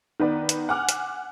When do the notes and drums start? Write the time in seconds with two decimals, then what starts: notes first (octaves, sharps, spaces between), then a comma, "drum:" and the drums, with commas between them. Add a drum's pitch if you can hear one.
0.20 D#3 B3 B4 D5
0.49 drum: hi-hat
0.69 F#5 G#5 D6 F6
0.89 drum: hi-hat